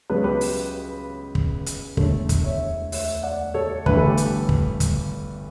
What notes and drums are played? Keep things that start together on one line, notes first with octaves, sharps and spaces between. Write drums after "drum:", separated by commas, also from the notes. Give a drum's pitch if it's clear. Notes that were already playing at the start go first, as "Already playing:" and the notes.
C#2 C#3 F#3 B3 B4
C#5
G4 B4
drum: open hi-hat
drum: kick
drum: hi-hat
E1 D2 D3 A3 A4 C#5, drum: kick
drum: kick, hi-hat
C#5 E5
C#5 E5, drum: open hi-hat
D5 F#5
A4 C#5
G1 G2 E3 A3 B4, drum: kick
A4
G4 B4
drum: hi-hat
drum: kick
drum: kick, hi-hat